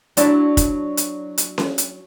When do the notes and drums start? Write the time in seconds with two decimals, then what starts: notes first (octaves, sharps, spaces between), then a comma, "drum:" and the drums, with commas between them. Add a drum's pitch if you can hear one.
0.17 F#3 D4 E4, drum: hi-hat
0.57 drum: kick, hi-hat
0.97 drum: hi-hat
1.38 drum: hi-hat
1.58 drum: snare C#4
1.78 drum: hi-hat